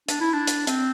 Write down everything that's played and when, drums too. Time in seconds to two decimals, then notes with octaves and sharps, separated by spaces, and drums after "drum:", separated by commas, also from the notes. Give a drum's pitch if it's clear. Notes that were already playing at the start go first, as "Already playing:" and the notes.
0.08 D4, drum: hi-hat
0.20 E4
0.33 D4
0.47 drum: hi-hat
0.67 C4, drum: hi-hat